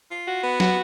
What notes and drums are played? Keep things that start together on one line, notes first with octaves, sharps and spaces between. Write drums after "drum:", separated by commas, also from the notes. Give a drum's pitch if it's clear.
F4
F#4
B3
F#4, drum: snare